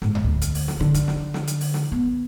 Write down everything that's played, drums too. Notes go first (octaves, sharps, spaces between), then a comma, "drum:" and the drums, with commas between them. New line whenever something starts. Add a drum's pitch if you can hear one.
G#2, drum: snare
drum: tom E2
D2
drum: hi-hat
drum: open hi-hat
drum: snare
D3
drum: kick, hi-hat
drum: snare
drum: snare
drum: hi-hat
drum: open hi-hat
drum: snare
B3